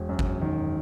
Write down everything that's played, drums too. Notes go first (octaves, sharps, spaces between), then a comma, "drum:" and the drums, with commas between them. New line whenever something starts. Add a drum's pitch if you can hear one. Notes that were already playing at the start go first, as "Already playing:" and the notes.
Already playing: E1
F#2
drum: kick G1
D#3